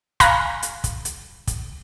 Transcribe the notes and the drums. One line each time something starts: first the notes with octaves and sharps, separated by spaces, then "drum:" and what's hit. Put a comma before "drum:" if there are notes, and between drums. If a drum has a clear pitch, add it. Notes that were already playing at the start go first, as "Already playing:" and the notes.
F5 G#5 A#5 B5 F6 F#6, drum: kick, hi-hat
drum: hi-hat
drum: kick, hi-hat
drum: hi-hat
drum: kick, hi-hat